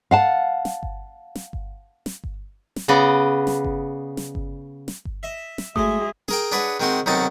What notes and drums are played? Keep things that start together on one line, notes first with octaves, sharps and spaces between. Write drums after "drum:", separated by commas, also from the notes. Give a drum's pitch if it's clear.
F5 F#5 A5
drum: snare
drum: kick G1
drum: snare
drum: kick G1
drum: snare
drum: kick G1
drum: snare
C#3 B3 D5 D#5
drum: snare
drum: kick G1
drum: snare
drum: kick G1
drum: snare
drum: kick G1
D#5 E5
drum: snare
F#3 G#3 A3 G#4 E5 D#6, drum: kick G1
G#4 A#4 G5, drum: snare
D4 G#4 B4 C#5 F#5
D#3 G#3 C4 F#4 C6
B1 C3 D#3 D#4 F#4 A5